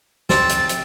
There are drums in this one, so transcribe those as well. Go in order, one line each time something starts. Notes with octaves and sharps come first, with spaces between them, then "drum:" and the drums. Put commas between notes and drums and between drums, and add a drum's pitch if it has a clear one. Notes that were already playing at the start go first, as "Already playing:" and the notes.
C4 A6, drum: snare
drum: hi-hat
drum: hi-hat